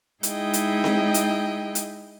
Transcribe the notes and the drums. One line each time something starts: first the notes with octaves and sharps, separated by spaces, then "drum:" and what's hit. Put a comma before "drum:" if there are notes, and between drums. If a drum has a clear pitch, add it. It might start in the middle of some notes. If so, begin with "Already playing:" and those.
G#3 D#4 E4 G#4 D#5 G5, drum: hi-hat
drum: hi-hat
drum: snare C4
drum: hi-hat
drum: hi-hat